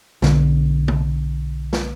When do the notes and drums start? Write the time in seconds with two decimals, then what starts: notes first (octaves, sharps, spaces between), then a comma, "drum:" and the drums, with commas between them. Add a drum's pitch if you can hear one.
0.22 B1 D3, drum: snare
0.88 drum: tom
1.73 drum: snare